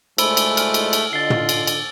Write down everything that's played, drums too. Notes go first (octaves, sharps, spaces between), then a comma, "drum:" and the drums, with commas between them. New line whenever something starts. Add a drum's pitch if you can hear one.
D2 A#2 G#3 A3 C5 B5 E6, drum: cymbal
drum: cymbal
F6, drum: cymbal
drum: cymbal
drum: cymbal
D3 F4 D#5 A6 C7 G7
drum: tom
drum: cymbal
drum: cymbal